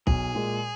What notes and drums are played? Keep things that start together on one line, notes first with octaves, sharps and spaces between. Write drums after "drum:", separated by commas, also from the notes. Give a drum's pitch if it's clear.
B1 G#4, drum: kick
A#2 G#3